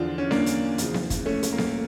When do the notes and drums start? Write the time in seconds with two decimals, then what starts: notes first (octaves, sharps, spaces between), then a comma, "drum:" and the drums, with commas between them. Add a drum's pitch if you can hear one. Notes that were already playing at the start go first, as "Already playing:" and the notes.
Already playing: E2 D3 F3 D4 F4
0.18 C#4
0.31 A#3 D4, drum: snare B3
0.46 drum: hi-hat
0.78 E2 C#3 F3, drum: hi-hat
0.94 drum: snare B3
1.10 drum: kick, hi-hat
1.26 A3 C#4
1.43 A3, drum: hi-hat
1.53 A#3
1.58 A3, drum: snare B3